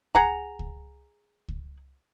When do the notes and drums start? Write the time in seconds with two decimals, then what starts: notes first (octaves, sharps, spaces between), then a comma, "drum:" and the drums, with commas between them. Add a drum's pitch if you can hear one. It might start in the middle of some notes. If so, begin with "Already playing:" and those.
0.15 G#4 F#5 A#5, drum: kick C#2
0.59 drum: kick C#2
1.48 drum: kick C#2